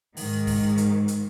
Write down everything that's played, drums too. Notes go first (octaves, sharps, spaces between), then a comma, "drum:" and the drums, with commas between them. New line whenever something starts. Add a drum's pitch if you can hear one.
G#2 D#3, drum: open hi-hat
drum: kick, open hi-hat
drum: hi-hat
drum: hi-hat